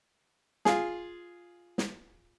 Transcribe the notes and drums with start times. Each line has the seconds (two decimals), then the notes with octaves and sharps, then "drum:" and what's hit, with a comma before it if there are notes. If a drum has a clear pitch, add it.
0.65 F4 G#4, drum: snare
1.78 drum: snare